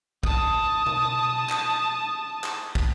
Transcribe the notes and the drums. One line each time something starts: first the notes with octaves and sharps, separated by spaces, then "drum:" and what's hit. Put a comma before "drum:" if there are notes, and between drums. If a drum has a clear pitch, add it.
A5 D#6, drum: kick
drum: tom B2
drum: clap
drum: clap
drum: kick